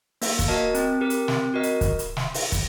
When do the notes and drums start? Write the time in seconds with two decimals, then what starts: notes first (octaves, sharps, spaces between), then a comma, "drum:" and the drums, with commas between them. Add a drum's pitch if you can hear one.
0.22 A#3, drum: open hi-hat
0.39 drum: kick, hi-hat
0.48 F#4 A#4 D#5 A5
0.74 C4, drum: hi-hat
1.01 G4 A#4
1.10 drum: hi-hat
1.28 C4, drum: snare
1.54 F#4 A#4 D#5
1.63 drum: hi-hat
1.81 drum: kick, hi-hat
1.99 drum: hi-hat
2.17 drum: snare
2.34 drum: open hi-hat
2.52 drum: kick, hi-hat